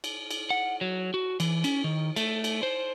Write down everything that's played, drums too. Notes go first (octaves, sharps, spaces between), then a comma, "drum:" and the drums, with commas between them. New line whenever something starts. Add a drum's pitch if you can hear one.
drum: cymbal
drum: cymbal
F#5
F#3
F#4
E3, drum: cymbal
C#4, drum: cymbal
D#3
A3, drum: cymbal
drum: cymbal
C5